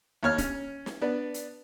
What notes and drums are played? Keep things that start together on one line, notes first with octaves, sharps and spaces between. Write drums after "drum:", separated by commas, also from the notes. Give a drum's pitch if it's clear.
D#2 C#5 F6
C#4, drum: kick, hi-hat
drum: snare
B3 D4
drum: hi-hat